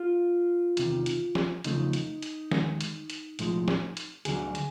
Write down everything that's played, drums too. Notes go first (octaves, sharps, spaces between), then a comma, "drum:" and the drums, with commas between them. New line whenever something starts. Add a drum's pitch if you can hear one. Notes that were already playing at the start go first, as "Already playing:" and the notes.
Already playing: F4
E2 C3 D#3, drum: hi-hat
drum: hi-hat
drum: snare
E2 C#3 F3 A3 D#4, drum: hi-hat
drum: hi-hat
drum: hi-hat
D#2 D#3 G#3, drum: snare
drum: hi-hat
drum: hi-hat
B1 A2 F3 G#3, drum: hi-hat
drum: snare
drum: hi-hat
D2 D3 F#3 G#4, drum: hi-hat
drum: hi-hat